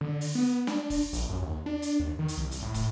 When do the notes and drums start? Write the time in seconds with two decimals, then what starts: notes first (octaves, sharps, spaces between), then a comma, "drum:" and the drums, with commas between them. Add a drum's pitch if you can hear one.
0.01 D3
0.21 drum: open hi-hat
0.35 B3
0.67 D4, drum: snare
0.90 drum: kick, open hi-hat
1.13 A#1, drum: hi-hat
1.30 F#2
1.42 D#2
1.66 D4
1.82 drum: hi-hat
2.00 D#2
2.19 D#3
2.28 drum: hi-hat
2.38 C2
2.51 drum: hi-hat
2.62 A2
2.74 drum: kick, hi-hat